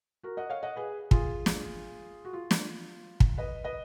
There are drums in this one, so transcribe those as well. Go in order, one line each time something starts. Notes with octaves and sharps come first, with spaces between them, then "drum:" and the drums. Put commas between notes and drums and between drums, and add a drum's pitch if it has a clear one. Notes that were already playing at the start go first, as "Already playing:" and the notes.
F#4 A#4
D#5 F#5
C#5 F5
D#5 F#5
G#4 B4
F4 G#4, drum: kick
drum: snare
F#4
F4
drum: snare
drum: kick
B4 D#5
B4 D#5